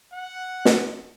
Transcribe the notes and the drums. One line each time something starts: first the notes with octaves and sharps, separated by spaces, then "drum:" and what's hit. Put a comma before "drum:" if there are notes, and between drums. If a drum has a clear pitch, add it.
F#5
drum: snare